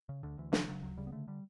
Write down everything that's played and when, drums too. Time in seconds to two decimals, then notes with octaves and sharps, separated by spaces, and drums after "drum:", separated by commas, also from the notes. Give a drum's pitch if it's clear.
0.09 C#3
0.23 D2 D3
0.38 D2 E3
0.53 C#3 E3, drum: snare
0.68 C#3 F#3
0.83 D2 F#3
0.97 C#3 G3
1.07 B3
1.12 D3 A3
1.28 D3 G3